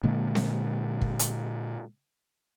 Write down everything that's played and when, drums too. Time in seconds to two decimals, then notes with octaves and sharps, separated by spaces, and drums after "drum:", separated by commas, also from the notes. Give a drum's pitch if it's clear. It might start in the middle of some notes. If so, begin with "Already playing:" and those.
0.03 A#2 D3 G#3 A#3
0.35 drum: snare C4
1.01 drum: kick
1.19 drum: hi-hat